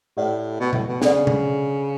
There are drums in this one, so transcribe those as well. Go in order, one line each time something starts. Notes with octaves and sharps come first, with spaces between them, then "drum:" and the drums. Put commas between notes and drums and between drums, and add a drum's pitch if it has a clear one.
A2 G4 D5 F#5
B2
A2, drum: tom B2
B2
C#3 D4 A4 D5 F#5, drum: snare
drum: tom B2